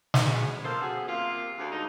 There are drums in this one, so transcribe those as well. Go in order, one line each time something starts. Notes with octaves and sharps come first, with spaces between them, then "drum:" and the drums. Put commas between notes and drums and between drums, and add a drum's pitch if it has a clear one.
drum: snare
D2 G#3 B3 C#4
F3 A#3 A4 C5
F#2 B3 G#4
C3 A#3 F4
D2
D2 G#2 D#4